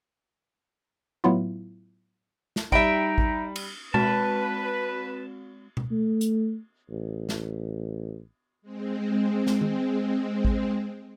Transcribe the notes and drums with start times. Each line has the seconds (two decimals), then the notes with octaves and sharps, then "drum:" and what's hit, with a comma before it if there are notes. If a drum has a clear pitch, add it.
1.24 A2 F#3 B3 E4 F4
2.56 drum: snare
2.72 G3 D#4 E5 G5 B5, drum: kick A1
3.18 drum: kick A1
3.56 drum: cymbal
3.94 G#3 C4 F#4 B4 A5, drum: tom B2
5.77 drum: tom B2
5.91 A3
6.21 drum: hi-hat
6.90 A1
7.29 drum: snare
8.62 G#3 C4
9.47 drum: snare
9.61 drum: tom D#3
10.45 drum: kick A1